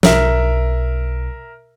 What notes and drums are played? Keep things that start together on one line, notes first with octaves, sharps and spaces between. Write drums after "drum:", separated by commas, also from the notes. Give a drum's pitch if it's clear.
B1 A#4 E5, drum: snare